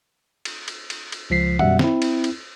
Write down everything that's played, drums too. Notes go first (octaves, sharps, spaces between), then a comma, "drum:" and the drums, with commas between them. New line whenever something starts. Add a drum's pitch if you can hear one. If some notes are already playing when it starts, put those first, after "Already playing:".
drum: cymbal
drum: cymbal
drum: cymbal
drum: cymbal
C#2 F3 B6 C7
F#2 B2 G3 E5 F#5, drum: tom D#3
C4 E4, drum: snare
drum: cymbal
drum: cymbal